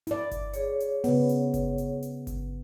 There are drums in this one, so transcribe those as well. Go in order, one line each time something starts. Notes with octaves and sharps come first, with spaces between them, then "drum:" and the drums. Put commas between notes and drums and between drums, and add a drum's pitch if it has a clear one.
E4 D5, drum: hi-hat
drum: kick G1, hi-hat
G#4 C#5, drum: hi-hat
drum: hi-hat
C#3 B3, drum: open hi-hat
drum: hi-hat
drum: kick G1, hi-hat
drum: hi-hat
drum: hi-hat
drum: kick G1, hi-hat